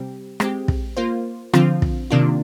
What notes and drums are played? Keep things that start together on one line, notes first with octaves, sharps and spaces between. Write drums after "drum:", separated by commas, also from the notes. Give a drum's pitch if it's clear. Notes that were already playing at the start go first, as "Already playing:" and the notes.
Already playing: C3 G3 C4 G4
G#3 C4 G4, drum: rim click
drum: kick
A#3 F4 C5
D3 F3 C4 F4, drum: rim click
drum: kick
C3 D#3 A#3 D4 F4